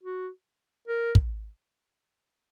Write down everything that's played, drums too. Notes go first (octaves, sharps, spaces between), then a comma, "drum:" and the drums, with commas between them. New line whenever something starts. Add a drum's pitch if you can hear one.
F#4
A#4
drum: kick